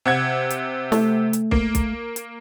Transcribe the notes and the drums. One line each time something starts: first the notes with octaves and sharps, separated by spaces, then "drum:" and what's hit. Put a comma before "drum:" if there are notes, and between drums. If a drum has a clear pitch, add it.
C3 F#5 G#6
drum: hi-hat
A3, drum: snare
drum: hi-hat
A#3, drum: kick B1
drum: kick B1, hi-hat
drum: hi-hat